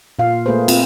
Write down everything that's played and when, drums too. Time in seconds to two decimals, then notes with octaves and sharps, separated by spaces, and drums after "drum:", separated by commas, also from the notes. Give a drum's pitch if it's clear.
0.19 A#2 F4 F5
0.46 A#2 A3 A#3 G#4 B4 C5
0.68 C4 F4, drum: cymbal